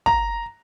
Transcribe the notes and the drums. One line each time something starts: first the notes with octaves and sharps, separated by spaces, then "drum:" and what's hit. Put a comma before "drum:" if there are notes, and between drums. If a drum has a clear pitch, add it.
A#5, drum: kick